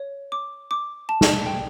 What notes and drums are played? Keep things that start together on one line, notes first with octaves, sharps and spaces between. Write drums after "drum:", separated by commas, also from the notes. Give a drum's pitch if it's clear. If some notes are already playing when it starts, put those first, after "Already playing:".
Already playing: C#5
D6
D6
A5
drum: snare
G5